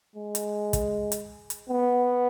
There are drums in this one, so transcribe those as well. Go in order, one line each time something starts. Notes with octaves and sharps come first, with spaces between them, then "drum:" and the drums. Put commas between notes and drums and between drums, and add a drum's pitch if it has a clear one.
G#3
drum: hi-hat
drum: kick, hi-hat
drum: hi-hat
drum: hi-hat
B3